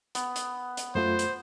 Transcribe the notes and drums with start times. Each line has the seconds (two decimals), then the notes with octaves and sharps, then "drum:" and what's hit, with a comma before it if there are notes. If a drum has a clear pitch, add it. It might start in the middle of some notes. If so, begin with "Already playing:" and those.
0.15 B3, drum: hi-hat
0.36 drum: hi-hat
0.77 drum: hi-hat
0.95 F#2 A3 F4 C5
1.19 drum: hi-hat